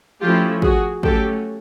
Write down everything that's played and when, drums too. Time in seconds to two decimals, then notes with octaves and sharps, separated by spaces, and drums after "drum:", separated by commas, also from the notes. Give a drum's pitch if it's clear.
0.21 F3 A3 C#4 E4 F4 G4
0.62 F#4 G#4, drum: kick
1.03 F#3 A3 C#4 G4 A4, drum: kick